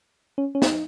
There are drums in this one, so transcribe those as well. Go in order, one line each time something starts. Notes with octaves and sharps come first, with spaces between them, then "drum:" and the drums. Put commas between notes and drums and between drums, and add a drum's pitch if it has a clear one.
C#4
C#4
D#4, drum: snare